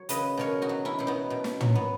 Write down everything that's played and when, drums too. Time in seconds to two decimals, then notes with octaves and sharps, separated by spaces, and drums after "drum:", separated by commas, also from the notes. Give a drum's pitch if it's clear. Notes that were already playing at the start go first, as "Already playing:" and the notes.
Already playing: F#3 C#5
0.09 C#3 B4 D#5, drum: hi-hat
0.37 B2 A#4 C#5
0.62 D#4 F#4
0.69 F#3
0.85 C#4 E4
0.99 B2 E4
1.07 B3 D#4
1.30 B2
1.44 drum: snare
1.61 F#3, drum: tom
1.75 B3